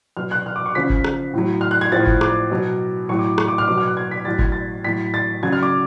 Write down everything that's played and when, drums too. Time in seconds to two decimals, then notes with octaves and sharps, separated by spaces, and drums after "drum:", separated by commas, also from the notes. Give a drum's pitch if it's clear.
0.17 B2 F#3 F6
0.31 F#6
0.46 F6
0.56 D6
0.66 C#6
0.75 C#3 F3 B6
0.90 drum: kick G1
1.04 drum: rim click
1.34 A2 F#3
1.61 F6
1.71 F#6
1.81 G#6
1.92 A2 F3 A6
2.07 drum: kick G1
2.21 D6, drum: rim click
2.51 B2 F#3
3.09 A2 F#3 C#6
3.19 D6
3.38 C#6, drum: rim click
3.48 D6
3.58 F6
3.68 B2 F#3 D6
3.78 F6
3.87 F#6
3.97 G#6
4.11 B6
4.25 A2 F#3 A6
4.39 G#6, drum: kick G1
4.52 A6
4.84 A2 F#3 B6
5.14 A6
5.43 C#3 F#3 G#6
5.52 F6
5.63 D6